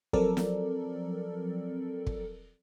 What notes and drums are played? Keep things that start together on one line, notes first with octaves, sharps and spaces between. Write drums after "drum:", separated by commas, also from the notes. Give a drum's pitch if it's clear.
F3 F#3 C4 A4 A#4 D5, drum: kick
drum: snare
drum: kick